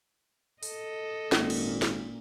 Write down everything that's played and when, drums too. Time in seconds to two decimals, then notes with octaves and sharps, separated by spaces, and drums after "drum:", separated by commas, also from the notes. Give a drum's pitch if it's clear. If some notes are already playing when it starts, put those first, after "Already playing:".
0.63 A4 D#5, drum: open hi-hat
1.32 G#1 A#2 C#4, drum: snare
1.50 drum: cymbal
1.82 drum: snare